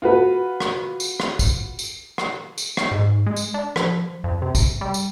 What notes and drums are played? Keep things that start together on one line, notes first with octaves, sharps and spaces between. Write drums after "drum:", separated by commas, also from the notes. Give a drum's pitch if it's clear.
F4 F#4 B4
drum: rim click
drum: tambourine
drum: rim click
drum: kick, tambourine
drum: tambourine
drum: rim click
drum: tambourine
drum: rim click
G#2
G#3
drum: tambourine
D4
F3, drum: rim click
F2
C3
drum: kick, tambourine
G3
drum: tambourine